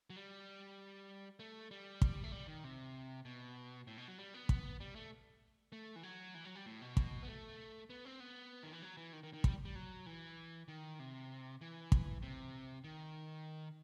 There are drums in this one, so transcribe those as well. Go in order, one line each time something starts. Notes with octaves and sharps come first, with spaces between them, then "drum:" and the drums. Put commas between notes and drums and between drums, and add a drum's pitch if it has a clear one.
F#3
G3
A3
G3
drum: kick
A3
G3
D#3
C3
B2
A2
B2
F#3
G3
B3
drum: kick
G3
A3
A3
E3
F#3
E3
F#3
G3
A2
B2
drum: kick
B3
A3
B3
C4
B3
D#3
E3
F#3
E3
D#3
D#3
D#3
G3, drum: kick
G3
F#3
E3
D#3
C3
E3
drum: kick
C3
D#3